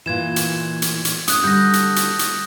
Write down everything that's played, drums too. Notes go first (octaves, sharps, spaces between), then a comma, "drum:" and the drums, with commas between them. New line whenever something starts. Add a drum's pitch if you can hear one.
A#2 E3 G#6 E7
drum: hi-hat
drum: hi-hat
drum: hi-hat
C#4 D#6 F#6, drum: hi-hat
D3 G3 G6 A#6
drum: hi-hat
drum: hi-hat
drum: hi-hat